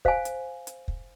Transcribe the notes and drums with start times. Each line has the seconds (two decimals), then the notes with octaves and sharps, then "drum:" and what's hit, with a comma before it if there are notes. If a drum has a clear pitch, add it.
0.05 C5 F5 G#5, drum: kick
0.25 drum: hi-hat
0.67 drum: hi-hat
0.88 drum: kick